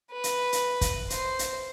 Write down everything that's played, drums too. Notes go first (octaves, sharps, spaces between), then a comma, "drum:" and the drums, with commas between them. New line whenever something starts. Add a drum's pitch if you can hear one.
B4
drum: hi-hat
drum: hi-hat
drum: kick, hi-hat
C5, drum: hi-hat
drum: hi-hat